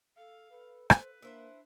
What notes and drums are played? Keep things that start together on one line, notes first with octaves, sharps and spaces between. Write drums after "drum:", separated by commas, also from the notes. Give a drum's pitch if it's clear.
A4 F5
A4 B4
B4 C5, drum: rim click
A#3 D4 E4 C5 E5